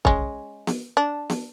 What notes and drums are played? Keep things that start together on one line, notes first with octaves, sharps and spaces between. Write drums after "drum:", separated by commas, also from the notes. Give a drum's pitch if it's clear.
G#3 C#4, drum: kick
drum: snare B3
D4
drum: snare B3